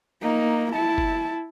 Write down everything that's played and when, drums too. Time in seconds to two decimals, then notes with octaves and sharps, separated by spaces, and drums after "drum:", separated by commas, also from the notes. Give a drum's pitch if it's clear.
0.22 A#3 D#4
0.73 E4 A5
0.98 drum: kick G1